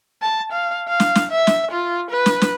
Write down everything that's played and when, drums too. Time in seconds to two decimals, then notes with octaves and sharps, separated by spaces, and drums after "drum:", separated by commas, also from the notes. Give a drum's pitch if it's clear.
0.22 A5
0.52 F5
0.88 F5
1.00 drum: snare
1.15 drum: snare
1.31 E5
1.47 drum: snare
1.71 F4
2.11 B4
2.26 drum: snare
2.41 drum: snare